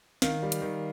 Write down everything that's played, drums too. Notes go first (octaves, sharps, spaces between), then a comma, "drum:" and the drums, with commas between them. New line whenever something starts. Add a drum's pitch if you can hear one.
D#3 F5, drum: snare
G3
drum: hi-hat
D#3